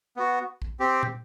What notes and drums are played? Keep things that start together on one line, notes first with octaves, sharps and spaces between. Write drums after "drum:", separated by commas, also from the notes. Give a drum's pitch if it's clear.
B3 F#4
drum: kick
C4 G4
drum: tom